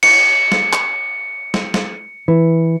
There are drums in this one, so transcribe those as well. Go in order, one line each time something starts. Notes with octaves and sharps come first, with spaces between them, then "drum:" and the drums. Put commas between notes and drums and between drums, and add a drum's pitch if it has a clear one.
C#7, drum: cymbal
drum: snare
drum: clap
drum: snare
drum: snare
E3